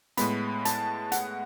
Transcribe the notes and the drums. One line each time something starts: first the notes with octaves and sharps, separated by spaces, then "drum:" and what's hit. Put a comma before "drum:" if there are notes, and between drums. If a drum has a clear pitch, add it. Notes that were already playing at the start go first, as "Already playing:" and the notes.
A2 G#3 B3 B5, drum: hi-hat
A5, drum: hi-hat
F#5, drum: hi-hat